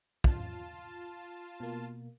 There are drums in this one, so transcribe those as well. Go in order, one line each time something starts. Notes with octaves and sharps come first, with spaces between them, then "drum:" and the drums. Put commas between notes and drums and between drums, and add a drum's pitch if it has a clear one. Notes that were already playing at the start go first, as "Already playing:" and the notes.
F4 A5, drum: kick
B2 A#3